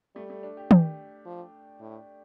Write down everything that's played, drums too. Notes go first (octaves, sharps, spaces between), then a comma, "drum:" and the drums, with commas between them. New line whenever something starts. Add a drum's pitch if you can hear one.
G3 A3
A3
D4
G4
G4, drum: tom
F3
A2